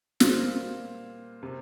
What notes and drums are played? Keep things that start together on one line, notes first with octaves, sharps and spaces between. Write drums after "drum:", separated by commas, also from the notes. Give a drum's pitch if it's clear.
A#2 G3 A#3 C5 F5, drum: snare
C3 A#3